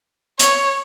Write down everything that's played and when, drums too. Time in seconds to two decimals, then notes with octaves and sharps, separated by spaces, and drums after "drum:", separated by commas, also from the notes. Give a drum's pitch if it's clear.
0.39 C#5, drum: hi-hat